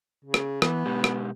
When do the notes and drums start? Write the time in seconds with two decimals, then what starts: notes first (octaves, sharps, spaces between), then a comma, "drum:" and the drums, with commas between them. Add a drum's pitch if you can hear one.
0.25 C#3
0.34 drum: rim click
0.62 E3 B3, drum: rim click
0.86 B2 G#3 G4
1.04 drum: rim click